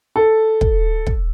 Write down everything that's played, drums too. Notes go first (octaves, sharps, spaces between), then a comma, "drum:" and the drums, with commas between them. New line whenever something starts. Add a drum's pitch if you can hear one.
A4
drum: kick
drum: kick